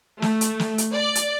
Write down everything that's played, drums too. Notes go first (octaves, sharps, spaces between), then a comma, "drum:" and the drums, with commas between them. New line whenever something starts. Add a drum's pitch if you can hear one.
A3, drum: snare
drum: hi-hat
drum: snare
drum: hi-hat
D5
drum: hi-hat